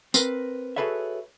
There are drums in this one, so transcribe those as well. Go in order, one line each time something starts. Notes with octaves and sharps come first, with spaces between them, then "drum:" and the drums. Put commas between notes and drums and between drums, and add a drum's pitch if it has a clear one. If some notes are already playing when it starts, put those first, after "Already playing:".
C4 A#4 B4, drum: tambourine
F#4 G#4 A4 B4 C#5 E5